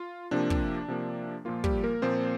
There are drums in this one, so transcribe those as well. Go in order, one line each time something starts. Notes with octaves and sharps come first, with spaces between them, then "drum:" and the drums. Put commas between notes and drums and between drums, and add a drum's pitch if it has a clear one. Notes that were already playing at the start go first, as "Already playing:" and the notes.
Already playing: F4
C3 F3 A#3 D4
drum: kick
C3 F3 A#3
A#2 F3 A#3 F4
G3 G4, drum: kick
A#3 A#4
A#2 F3 A#3 C4 C5